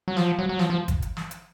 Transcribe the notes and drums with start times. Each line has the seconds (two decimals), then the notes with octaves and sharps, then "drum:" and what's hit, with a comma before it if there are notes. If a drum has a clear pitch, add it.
0.08 F#3
0.17 F3, drum: snare
0.39 F#3
0.49 F#3
0.59 F3, drum: snare
0.70 F3
0.88 drum: kick, hi-hat
1.02 drum: hi-hat
1.17 drum: snare
1.31 drum: hi-hat